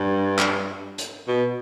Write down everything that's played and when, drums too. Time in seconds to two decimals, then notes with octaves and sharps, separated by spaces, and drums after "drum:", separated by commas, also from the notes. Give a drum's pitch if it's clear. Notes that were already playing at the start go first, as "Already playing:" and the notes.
Already playing: G2
0.39 drum: clap
0.98 drum: hi-hat
1.28 B2